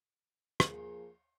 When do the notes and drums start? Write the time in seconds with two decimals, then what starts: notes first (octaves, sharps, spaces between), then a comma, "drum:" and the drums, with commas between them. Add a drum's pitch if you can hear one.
0.60 F3 A#3 G#4, drum: rim click